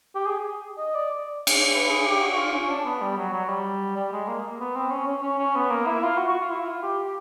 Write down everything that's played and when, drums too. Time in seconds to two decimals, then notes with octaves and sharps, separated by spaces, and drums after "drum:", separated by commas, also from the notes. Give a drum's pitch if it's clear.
0.15 G4
0.26 G#4
0.78 D#5
0.94 D5
1.47 drum: cymbal
1.74 B4
1.90 G#4
2.06 G4
2.21 F#4
2.37 F4
2.53 C#4
2.70 D4
2.85 B3
3.01 G3
3.17 F#3
3.33 F#3
3.49 G3
3.96 G3
4.12 G#3
4.28 A#3
4.60 B3
4.76 C4
4.91 C#4
5.07 C#4
5.23 C#4
5.39 C#4
5.55 B3
5.70 A#3
5.86 E4
6.03 F4
6.18 F#4
6.29 F#4
6.40 F4
6.50 E4
6.65 F4
6.83 G4
7.05 G4